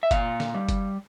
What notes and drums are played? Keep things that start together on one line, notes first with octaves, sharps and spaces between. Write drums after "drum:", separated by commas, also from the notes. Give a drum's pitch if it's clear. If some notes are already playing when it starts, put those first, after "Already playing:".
E5
A#2 F5, drum: kick F#1, hi-hat
drum: snare
G3
drum: kick F#1, hi-hat